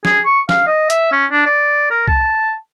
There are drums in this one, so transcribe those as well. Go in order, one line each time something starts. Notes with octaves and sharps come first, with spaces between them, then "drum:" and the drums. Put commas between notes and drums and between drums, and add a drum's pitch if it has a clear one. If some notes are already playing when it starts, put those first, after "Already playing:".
G#4, drum: snare
C#6
F5, drum: snare
D#5
E5, drum: hi-hat
C#4
D4
D5
A#4
A5, drum: kick C2